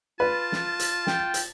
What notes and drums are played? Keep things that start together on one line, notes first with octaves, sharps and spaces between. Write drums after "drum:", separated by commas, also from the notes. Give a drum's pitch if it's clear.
F4 B4 A5
drum: snare
drum: hi-hat
G5, drum: snare
drum: hi-hat